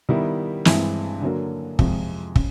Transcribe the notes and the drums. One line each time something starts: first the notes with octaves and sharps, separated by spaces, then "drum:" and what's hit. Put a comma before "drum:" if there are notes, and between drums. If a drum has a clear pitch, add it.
D#3 G3 B3 E4
G2 E3 G#3 C4 E4, drum: snare
D3 F#3 A#3
F2 C3 F3 G#3, drum: kick
C#3, drum: kick